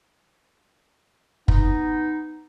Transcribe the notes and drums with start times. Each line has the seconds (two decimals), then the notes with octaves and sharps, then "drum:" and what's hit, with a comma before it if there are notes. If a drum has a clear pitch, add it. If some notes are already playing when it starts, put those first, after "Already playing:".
1.48 B3 D#4, drum: kick F#1